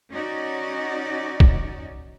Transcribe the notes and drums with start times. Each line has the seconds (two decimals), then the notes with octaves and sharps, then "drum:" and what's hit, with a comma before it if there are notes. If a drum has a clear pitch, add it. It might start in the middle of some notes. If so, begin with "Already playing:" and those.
0.12 C#4 D#4 F#4 D5
1.40 drum: kick